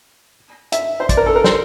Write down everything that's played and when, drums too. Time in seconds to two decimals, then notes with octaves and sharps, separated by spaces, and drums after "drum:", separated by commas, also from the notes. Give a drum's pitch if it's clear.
0.72 E5, drum: hi-hat
1.00 C5
1.09 D5, drum: kick, hi-hat
1.17 A#4
1.26 A4
1.36 A#4
1.44 C5, drum: snare